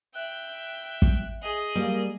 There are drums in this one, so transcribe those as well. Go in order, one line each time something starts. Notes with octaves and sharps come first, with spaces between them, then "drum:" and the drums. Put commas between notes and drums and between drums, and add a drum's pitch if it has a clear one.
E5 G5 F#6
drum: kick
G#4 D#5
G3 A#3